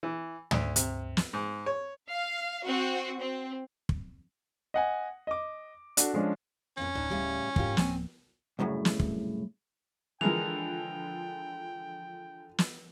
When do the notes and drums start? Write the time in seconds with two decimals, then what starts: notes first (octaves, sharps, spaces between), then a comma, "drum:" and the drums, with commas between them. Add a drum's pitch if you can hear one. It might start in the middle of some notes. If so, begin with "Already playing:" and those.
0.03 E3
0.51 D2, drum: tom
0.76 C3, drum: hi-hat
1.17 drum: snare
1.33 G#2
1.66 C#5
2.10 F5
2.67 C4 F#4
3.21 C4
3.89 drum: kick
4.74 D#5 F#5 G#5
5.27 D#5 D6
5.97 D4 F#4 A4, drum: hi-hat
6.14 F3 G#3 C#4 D4
6.77 F2 A#2 C#4
6.95 D1 D4 D#4
7.10 A2 C#3 G3
7.56 G#2 A#3 F4 G4, drum: kick
7.77 D1 F3 A#3 C4 G#5, drum: snare
8.59 C2 F#2 A2 C#3
8.85 drum: snare
8.99 drum: kick
10.21 D3 E3 F3 G#3 A#4 G5 F7
12.58 drum: snare